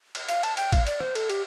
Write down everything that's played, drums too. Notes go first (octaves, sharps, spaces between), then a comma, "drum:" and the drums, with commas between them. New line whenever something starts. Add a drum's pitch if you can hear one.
drum: cymbal
F5, drum: cymbal
A5, drum: cymbal
G5, drum: cymbal
F5, drum: kick, cymbal
D5, drum: cymbal
C5, drum: rim click
A4, drum: cymbal
G4, drum: cymbal